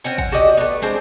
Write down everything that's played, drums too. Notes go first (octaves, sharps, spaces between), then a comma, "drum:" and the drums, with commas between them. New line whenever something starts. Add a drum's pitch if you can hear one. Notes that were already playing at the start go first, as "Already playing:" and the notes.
C4 C#4 F#5
F#5, drum: kick
F#4 G4 D5 D#5
A3 B3
G#3 C4 D4